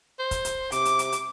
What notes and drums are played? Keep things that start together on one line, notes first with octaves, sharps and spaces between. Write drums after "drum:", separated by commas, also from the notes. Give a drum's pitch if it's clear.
C5
drum: kick, hi-hat
drum: hi-hat
C3 D6, drum: hi-hat
drum: hi-hat
drum: hi-hat
drum: hi-hat